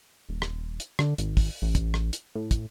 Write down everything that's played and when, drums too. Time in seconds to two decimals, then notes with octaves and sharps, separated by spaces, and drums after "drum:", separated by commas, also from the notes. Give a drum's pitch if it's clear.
0.29 D#1
0.42 drum: rim click
0.80 drum: hi-hat
0.99 D3, drum: rim click
1.18 G#1, drum: hi-hat
1.37 drum: kick, open hi-hat
1.62 A1
1.75 drum: kick, hi-hat
1.94 drum: rim click
2.13 drum: hi-hat
2.35 A2
2.51 drum: kick, hi-hat